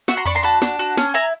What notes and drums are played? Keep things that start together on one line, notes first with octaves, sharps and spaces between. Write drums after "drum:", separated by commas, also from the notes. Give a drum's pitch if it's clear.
F#4 E5 F#5, drum: snare
A#5 C6
D4 B5 C#6, drum: tom E2
A#5 C6
F#4 A5 B5
D4, drum: snare
F#4
C#4, drum: snare
E4 G#5 A#5